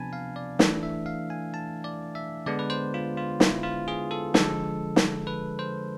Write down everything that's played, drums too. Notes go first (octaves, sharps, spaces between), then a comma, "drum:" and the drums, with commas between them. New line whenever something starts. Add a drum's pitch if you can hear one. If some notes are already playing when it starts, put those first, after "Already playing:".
Already playing: C3 F3 B3 D4 G#5 A5 B5
F5
D5
E3 A3 D4, drum: snare
E5
F5
G#5
A5
D5
E5
D3 G#3 B3 D4 D5
B4
C5
F4
F4
E4, drum: snare
F4
G#4
A4
D3 F3 G#3 A4, drum: snare
drum: snare
B4
C5